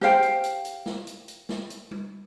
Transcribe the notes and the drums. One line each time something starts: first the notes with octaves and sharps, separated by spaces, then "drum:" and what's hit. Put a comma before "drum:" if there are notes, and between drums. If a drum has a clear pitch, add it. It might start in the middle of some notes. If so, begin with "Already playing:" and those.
G4 C5 F5 G5, drum: snare
drum: hi-hat
drum: hi-hat
drum: hi-hat
drum: snare
drum: hi-hat
drum: hi-hat
drum: snare
drum: hi-hat
drum: tom G3